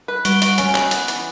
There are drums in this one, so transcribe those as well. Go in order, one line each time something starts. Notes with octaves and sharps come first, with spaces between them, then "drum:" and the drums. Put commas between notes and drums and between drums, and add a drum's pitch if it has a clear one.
B4
G3 F#4, drum: hi-hat
F#4, drum: hi-hat
C#4, drum: hi-hat
B3, drum: clap
B3, drum: hi-hat
E3, drum: hi-hat